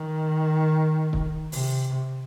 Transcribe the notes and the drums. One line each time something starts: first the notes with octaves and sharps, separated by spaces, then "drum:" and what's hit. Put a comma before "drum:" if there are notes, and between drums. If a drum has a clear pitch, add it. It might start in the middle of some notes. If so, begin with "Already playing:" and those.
Already playing: D#3
drum: kick
C3, drum: open hi-hat